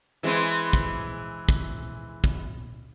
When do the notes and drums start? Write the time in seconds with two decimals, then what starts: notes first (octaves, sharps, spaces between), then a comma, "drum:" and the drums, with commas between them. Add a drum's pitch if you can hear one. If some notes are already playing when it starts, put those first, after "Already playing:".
0.23 E3 G#3 C4
0.73 drum: kick
1.49 drum: kick
2.24 drum: kick